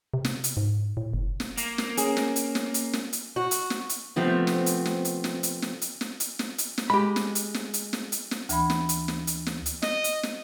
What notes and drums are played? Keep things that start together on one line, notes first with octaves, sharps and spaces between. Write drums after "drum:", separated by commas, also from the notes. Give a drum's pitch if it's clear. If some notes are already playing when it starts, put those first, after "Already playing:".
C3
drum: snare
drum: hi-hat
G#2
A2
F#1
drum: snare
A#3, drum: hi-hat
drum: snare
C#4 G#4, drum: hi-hat
drum: snare
drum: hi-hat
drum: snare
drum: hi-hat
drum: snare
drum: hi-hat
F#4
drum: hi-hat
drum: snare
drum: hi-hat
C3 F3 A3 B3 C4
drum: snare
drum: hi-hat
drum: snare
drum: hi-hat
drum: snare
drum: hi-hat
drum: snare
drum: hi-hat
drum: snare
drum: hi-hat
drum: snare
drum: hi-hat
drum: snare
G#3 G4 B5
drum: snare
drum: hi-hat
drum: snare
drum: hi-hat
drum: snare
drum: hi-hat
drum: snare
D2 E3 B5, drum: hi-hat
drum: snare
drum: hi-hat
drum: snare
drum: hi-hat
drum: snare
drum: hi-hat
D#5, drum: snare
drum: hi-hat
drum: snare